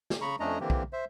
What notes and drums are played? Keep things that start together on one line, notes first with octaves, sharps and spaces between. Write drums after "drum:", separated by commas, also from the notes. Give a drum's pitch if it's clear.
drum: snare
C#3 A#5 B5 C#6
F2 A3 C#4 D4 D#5 A#5
D3 E3 A#3 C4 G4
drum: kick B1
C5 E5